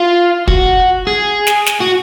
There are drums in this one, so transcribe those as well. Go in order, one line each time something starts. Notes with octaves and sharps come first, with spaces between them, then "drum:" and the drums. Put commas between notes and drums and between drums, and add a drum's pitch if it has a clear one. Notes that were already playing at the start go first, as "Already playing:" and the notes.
Already playing: F4
F#4, drum: kick
G#4
drum: snare
drum: snare
F#4